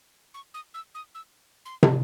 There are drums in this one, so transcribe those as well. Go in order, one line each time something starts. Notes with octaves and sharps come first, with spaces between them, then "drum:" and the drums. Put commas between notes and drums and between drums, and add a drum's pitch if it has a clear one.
C#6
D#6
E6
D#6
E6
C6
drum: tom